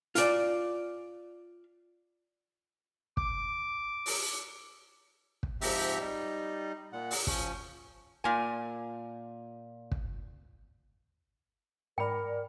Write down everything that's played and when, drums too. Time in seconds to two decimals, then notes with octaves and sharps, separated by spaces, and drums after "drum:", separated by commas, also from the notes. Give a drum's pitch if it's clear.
0.15 F4 D5, drum: hi-hat
3.17 D6, drum: kick
4.06 drum: open hi-hat
5.43 drum: kick
5.61 G#2 F3 C4 G4 E5 A#5, drum: open hi-hat
6.00 G3 D#4
6.93 A#2 F#5
7.11 drum: open hi-hat
7.27 F3 C#4, drum: kick
8.24 A#2 G#5
9.91 drum: kick
11.98 G#2 A#4 D5 G5 B5